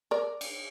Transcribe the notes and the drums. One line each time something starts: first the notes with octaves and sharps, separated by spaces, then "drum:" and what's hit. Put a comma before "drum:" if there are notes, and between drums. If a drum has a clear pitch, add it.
A#4 D5
drum: cymbal